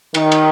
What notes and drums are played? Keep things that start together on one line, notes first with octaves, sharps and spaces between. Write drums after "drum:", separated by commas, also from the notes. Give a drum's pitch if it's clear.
D#3, drum: cymbal
drum: cymbal